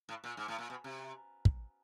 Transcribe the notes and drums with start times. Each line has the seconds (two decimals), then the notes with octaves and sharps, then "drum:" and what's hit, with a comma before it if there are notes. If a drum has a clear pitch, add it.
0.09 A2
0.24 A#2
0.37 G#2
0.48 A2
0.58 A#2
0.70 B2
0.84 C3
1.45 drum: kick